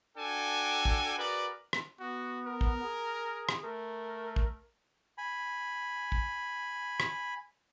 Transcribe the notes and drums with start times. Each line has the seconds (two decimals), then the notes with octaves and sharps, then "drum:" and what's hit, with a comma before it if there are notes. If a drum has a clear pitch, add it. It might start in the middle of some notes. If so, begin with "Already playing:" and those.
0.18 D4 F#4 A4 G5 G#5
0.85 drum: kick
1.18 F#4 G#4 A#4 B4 D5
1.73 drum: rim click
2.00 B3 F#4
2.46 A#4
2.61 drum: kick
2.83 G#4
3.49 drum: rim click
3.64 A3 A#4
4.36 drum: kick
5.18 G#5 B5
6.12 drum: kick
7.00 drum: rim click